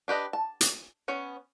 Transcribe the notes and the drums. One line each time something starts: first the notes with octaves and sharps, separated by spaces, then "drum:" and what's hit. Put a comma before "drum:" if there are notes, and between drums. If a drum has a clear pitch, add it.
D4 G4 B4 D#5
A5
drum: hi-hat
B3 C#4 C#5